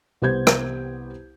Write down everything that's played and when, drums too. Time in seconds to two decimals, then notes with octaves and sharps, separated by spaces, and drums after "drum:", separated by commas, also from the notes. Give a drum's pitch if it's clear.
0.22 C2 B3 G4 C5 G6 G#6
0.47 drum: rim click